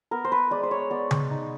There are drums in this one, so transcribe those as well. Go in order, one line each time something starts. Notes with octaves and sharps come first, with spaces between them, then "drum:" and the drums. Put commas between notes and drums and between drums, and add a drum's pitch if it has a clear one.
B3 A#4
C5
B4
G#3 D5
C5
C#5
B3 D5
drum: tom C#3
D#4